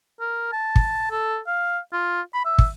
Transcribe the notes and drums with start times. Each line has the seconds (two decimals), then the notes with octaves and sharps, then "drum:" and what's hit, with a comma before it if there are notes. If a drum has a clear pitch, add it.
0.20 A#4
0.53 A5
0.76 drum: kick
1.11 A4
1.47 F5
1.93 F4
2.34 B5
2.45 E5
2.58 drum: kick